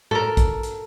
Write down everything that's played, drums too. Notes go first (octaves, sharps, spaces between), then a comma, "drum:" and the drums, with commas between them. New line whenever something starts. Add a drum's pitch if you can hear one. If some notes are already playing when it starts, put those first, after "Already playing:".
A4 A#4, drum: tom A2
drum: kick, hi-hat
drum: hi-hat